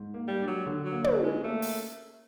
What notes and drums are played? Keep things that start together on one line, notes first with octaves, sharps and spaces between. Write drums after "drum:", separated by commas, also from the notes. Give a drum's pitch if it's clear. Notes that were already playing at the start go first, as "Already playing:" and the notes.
Already playing: G#2
A#3
G3
D4
F#3
D3
F#3
A#3
drum: tom
C#4
G#3
A3 A#3
drum: open hi-hat